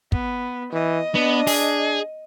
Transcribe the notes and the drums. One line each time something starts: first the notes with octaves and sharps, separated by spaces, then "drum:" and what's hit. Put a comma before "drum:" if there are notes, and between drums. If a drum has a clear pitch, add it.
B3, drum: kick
E3 D#5
B3 D4
G#4, drum: open hi-hat